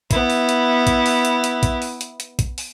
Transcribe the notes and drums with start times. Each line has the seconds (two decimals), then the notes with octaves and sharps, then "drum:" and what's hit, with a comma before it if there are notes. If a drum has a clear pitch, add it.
0.11 B3 E4, drum: kick A#1, hi-hat
0.30 drum: open hi-hat
0.49 drum: hi-hat
0.87 drum: kick A#1, hi-hat
1.06 drum: open hi-hat
1.25 drum: hi-hat
1.44 drum: hi-hat
1.63 drum: kick A#1, hi-hat
1.82 drum: open hi-hat
2.01 drum: hi-hat
2.20 drum: hi-hat
2.39 drum: kick A#1, hi-hat
2.58 drum: open hi-hat